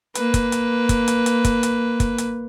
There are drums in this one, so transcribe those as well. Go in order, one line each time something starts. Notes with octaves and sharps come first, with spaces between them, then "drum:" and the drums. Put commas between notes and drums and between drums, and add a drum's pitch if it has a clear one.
A#3 B4, drum: hi-hat
drum: kick, hi-hat
drum: hi-hat
drum: kick, hi-hat
drum: hi-hat
drum: hi-hat
drum: kick, hi-hat
drum: hi-hat
drum: kick, hi-hat
drum: hi-hat